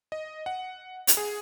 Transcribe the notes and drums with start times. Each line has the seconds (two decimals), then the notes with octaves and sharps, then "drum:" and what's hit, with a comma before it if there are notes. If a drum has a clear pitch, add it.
0.12 D#5
0.46 F#5
1.07 drum: hi-hat
1.17 G#4